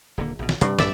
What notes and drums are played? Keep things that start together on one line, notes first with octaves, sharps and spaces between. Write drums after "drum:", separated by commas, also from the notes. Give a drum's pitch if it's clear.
D#1 D3 A#3
A#1 B2
drum: snare
G2 C3 C4 D4, drum: hi-hat
A#1 G2 D5 E5, drum: snare